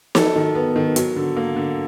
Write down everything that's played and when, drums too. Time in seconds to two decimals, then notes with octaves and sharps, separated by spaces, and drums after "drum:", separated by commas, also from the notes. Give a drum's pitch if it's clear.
0.15 F#3 A4, drum: snare
0.36 D#3
0.55 B3
0.76 D#3
0.96 F#3, drum: hi-hat
1.16 D3
1.37 A#3
1.56 D3